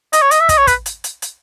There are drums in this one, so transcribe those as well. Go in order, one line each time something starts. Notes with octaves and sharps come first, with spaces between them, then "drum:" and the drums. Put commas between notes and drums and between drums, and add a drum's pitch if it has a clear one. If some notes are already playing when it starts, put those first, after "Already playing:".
D#5, drum: hi-hat
C#5
D#5, drum: hi-hat
E5
D#5, drum: kick, hi-hat
C#5
B4, drum: kick, hi-hat
drum: hi-hat
drum: hi-hat
drum: hi-hat